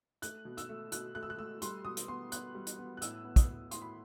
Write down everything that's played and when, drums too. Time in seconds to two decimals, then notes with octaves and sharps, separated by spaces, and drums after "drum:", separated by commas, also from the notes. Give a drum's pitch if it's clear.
0.22 A3 F#6, drum: hi-hat
0.45 B2
0.57 E6, drum: hi-hat
0.69 A3
0.92 B2 F#6, drum: hi-hat
1.15 A3 F#6
1.23 E6
1.30 F#6
1.38 A3 E6
1.62 G3 C6, drum: hi-hat
1.85 B2 D#6
1.97 drum: hi-hat
2.08 B3 C6
2.32 B3 F#6, drum: hi-hat
2.55 G3
2.67 drum: hi-hat
2.78 B3
2.97 F#6
3.01 A2 E6, drum: hi-hat
3.25 B3
3.36 D#6, drum: kick, hi-hat
3.48 A2
3.71 A2 C6, drum: hi-hat
3.82 B5